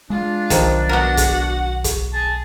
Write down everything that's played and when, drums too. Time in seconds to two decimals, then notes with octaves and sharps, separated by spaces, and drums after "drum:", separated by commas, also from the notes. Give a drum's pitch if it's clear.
0.10 G#3 D4 F4
0.50 B1 D#3 F3, drum: kick, hi-hat
0.89 B3 F#4 A#4 F#5
1.17 drum: kick, hi-hat
1.84 drum: kick, hi-hat
2.13 G#4 A5